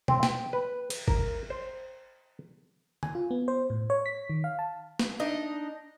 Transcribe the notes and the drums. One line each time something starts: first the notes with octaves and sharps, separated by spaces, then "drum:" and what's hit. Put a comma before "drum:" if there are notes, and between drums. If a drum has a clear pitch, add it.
C4, drum: tom B2
G5, drum: snare A#3
B4
drum: cymbal
A#4, drum: kick G1
C5
G#5, drum: tom D3
F4
B3
C5
A2
C#5
B6
D#3
F5
A5
drum: snare A#3
D4 D#4 D#5